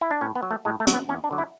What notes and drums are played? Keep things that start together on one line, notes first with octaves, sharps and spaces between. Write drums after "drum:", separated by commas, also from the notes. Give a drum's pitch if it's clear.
E4
D4
A2 C#4
B3
F#3
A3
A2 G#3
A3
F#3, drum: hi-hat
B3
E2 C#4
D4
D3 F#3
E4